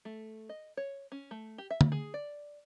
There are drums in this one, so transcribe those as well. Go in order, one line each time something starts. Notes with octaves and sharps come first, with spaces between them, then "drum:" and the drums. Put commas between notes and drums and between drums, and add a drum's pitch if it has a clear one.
A3
D#5
C#5
C#4
A3
G4
E5
drum: tom
G#4
D5